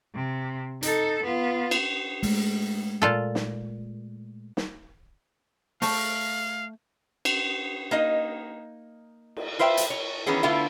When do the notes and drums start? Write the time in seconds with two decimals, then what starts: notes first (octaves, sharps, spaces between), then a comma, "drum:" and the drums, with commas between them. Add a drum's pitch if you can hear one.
0.15 C3
0.83 D#4 A4, drum: hi-hat
1.24 B3 F4
1.71 drum: cymbal
2.23 G#3 A3, drum: open hi-hat
3.02 A#2 F4 A4
3.35 drum: snare
4.57 drum: snare
5.82 A3 F5 A5, drum: open hi-hat
7.25 drum: cymbal
7.91 A#3 D#4 D#5
9.36 drum: cymbal
9.59 F4 B4 C5 E5 G5
9.77 drum: hi-hat
9.90 C#5
10.27 D#3 E3 B3 C#4 G#4
10.43 D3 A3 B3 D4 E4 F4